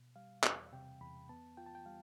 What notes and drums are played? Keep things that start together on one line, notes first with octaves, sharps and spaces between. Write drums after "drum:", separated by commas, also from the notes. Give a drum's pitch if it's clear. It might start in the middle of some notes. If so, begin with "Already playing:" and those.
Already playing: B2
G3 F5
E2, drum: clap
C3 G5
E2 B5
B3 A5
F4 G5
A5
G5
G3 F5